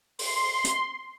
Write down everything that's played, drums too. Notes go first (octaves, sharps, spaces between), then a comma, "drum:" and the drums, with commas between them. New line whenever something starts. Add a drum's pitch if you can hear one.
C6, drum: open hi-hat
drum: hi-hat